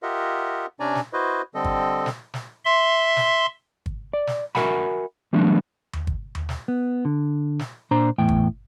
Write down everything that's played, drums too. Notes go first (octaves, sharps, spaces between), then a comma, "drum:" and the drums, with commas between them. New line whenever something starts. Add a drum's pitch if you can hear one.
F4 G4 A#4 D#5 E5 F#5
C3 C#4 D4 D5 G#5 A#5
drum: snare
E4 F#4 B4 C5 D#5
D3 G3 C4 A4 D#5
drum: kick
drum: snare
drum: snare
E5 C6
drum: snare
drum: kick
D5
drum: snare
F#4 A#4 E5 F#5 G#5 B5, drum: snare
E3 F#3 G3 A3 B3 D4
drum: tom D#2
drum: kick
drum: tom D#2
drum: snare
B3
D3
drum: snare
A#2 D4 C5 A#5
E2 A2 G5
drum: kick